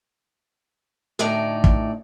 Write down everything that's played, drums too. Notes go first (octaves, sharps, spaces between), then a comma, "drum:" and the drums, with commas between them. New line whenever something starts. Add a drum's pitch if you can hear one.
D2 A2 D#4 D5
drum: kick